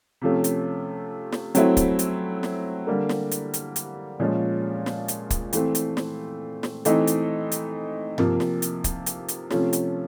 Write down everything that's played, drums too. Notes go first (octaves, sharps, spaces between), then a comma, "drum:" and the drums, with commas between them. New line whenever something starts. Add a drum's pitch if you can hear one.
C3 F3 A3 C#4
drum: hi-hat
drum: snare
F#3 A3 C4 E4, drum: hi-hat
drum: kick, hi-hat
drum: hi-hat
drum: snare
D3 G3 A#3
drum: snare
drum: hi-hat
drum: hi-hat
drum: hi-hat
A#2 F3 G#3 C#4
drum: snare
drum: hi-hat
drum: kick, hi-hat
E3 A3 C4, drum: hi-hat
drum: hi-hat
drum: snare
drum: snare
E3 A3 C4 D#4, drum: hi-hat
drum: hi-hat
drum: hi-hat
C3 F3 A#3, drum: tom G2
drum: snare
drum: hi-hat
drum: kick, hi-hat
drum: hi-hat
drum: hi-hat
C3 F3 A3 C#4 F4, drum: snare
drum: hi-hat